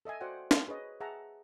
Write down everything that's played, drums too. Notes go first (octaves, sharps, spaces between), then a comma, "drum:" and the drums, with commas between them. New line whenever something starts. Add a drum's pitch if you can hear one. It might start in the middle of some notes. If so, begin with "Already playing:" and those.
A4 D#5 E5 G#5
F#4 C5 D5 F#5 G5
drum: snare
G#4 B4 C#5 D#5
G#4 E5 F#5 A5 A#5